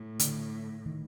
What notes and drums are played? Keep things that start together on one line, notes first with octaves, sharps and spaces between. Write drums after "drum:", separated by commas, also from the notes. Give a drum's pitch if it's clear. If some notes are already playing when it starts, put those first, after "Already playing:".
Already playing: A2
D3, drum: hi-hat
D#3